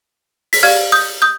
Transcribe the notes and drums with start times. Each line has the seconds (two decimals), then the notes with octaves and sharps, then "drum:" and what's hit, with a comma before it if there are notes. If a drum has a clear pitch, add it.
0.53 B6, drum: open hi-hat
0.63 G4 D5 F5 F6 G#6
0.92 D#6 G6
1.22 D#6 G6